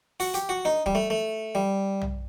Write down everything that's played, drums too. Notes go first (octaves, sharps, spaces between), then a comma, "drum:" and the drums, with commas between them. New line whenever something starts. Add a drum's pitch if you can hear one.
F#4, drum: open hi-hat
G4, drum: hi-hat
F#4
D#4, drum: snare D4
G3, drum: kick
A3
A3
G3
drum: tom